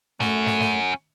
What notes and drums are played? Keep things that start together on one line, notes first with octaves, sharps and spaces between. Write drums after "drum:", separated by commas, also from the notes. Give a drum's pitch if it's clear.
A3 C#4 F#4, drum: snare
drum: snare
drum: snare